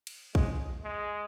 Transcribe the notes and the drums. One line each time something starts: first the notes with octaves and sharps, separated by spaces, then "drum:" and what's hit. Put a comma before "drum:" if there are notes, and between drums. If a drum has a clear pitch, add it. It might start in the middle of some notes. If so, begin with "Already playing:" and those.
drum: cymbal
G#3, drum: kick A#1
G#3